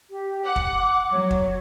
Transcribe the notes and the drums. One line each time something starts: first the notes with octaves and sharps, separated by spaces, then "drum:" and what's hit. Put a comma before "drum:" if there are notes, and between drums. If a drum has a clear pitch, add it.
G4
F#5 D6
drum: kick
D6
F#3 C#5
drum: kick